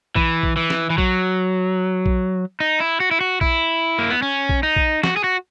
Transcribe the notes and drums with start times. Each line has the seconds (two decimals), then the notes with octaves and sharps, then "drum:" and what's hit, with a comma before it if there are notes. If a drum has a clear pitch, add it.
0.16 E3, drum: kick A#1
0.43 drum: kick A#1
0.57 E3
0.70 drum: snare
0.90 E3
0.98 F#3, drum: kick A#1
2.06 drum: kick A#1
2.60 D#4
2.80 E4
3.00 F#4
3.11 E4
3.21 F#4
3.41 E4, drum: kick A#1
3.98 A#3
4.10 B3
4.22 C#4
4.49 drum: kick A#1
4.63 D#4
4.76 drum: kick A#1
5.04 F#4, drum: snare
5.17 G#4
5.24 F#4